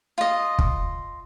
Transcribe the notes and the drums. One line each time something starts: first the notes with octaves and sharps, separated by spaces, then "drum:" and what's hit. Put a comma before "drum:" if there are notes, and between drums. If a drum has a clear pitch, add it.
F4 D#5
drum: kick